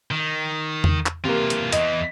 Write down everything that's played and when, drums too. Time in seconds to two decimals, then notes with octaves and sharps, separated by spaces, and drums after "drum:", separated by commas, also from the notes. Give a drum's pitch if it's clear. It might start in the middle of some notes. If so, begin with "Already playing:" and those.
0.11 D#3
0.84 drum: tom E2
1.06 drum: clap
1.25 C3 E3 A#3 F4
1.50 drum: hi-hat
1.72 E2 E3 D#5, drum: hi-hat